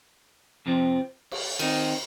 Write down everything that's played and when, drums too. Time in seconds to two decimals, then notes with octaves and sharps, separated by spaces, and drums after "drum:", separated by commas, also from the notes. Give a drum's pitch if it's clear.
0.66 F2 C3 F3 C4
1.31 drum: cymbal
1.59 D#3 C4 D#4, drum: cymbal